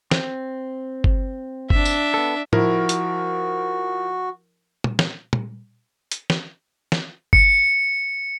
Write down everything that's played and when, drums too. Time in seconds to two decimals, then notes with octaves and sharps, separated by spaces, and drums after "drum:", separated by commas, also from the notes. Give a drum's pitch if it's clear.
0.11 C4, drum: snare
1.04 drum: kick G1
1.70 D4 E5, drum: kick G1
1.85 drum: tambourine
2.14 B3 A4
2.53 F3 E4 F#4 A#4, drum: tom A2
2.89 drum: hi-hat
4.84 drum: tom
4.99 drum: snare
5.33 drum: tom
6.12 drum: hi-hat
6.30 drum: snare
6.92 drum: snare
7.33 C#7, drum: kick G1